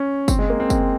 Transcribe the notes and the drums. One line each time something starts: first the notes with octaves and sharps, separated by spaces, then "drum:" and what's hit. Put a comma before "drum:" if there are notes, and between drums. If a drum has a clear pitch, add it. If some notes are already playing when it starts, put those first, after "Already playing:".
Already playing: C#4
C4, drum: kick, tambourine
G#3
A#3
C4
C4, drum: kick, tambourine